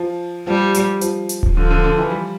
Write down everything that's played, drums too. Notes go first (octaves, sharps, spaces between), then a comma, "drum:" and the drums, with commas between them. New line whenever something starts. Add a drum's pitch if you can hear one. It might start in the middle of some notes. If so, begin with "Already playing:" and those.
Already playing: F3
F3 G3
drum: hi-hat
F3, drum: hi-hat
drum: hi-hat
drum: kick D1
D3 F3
D3
D3
E3
G3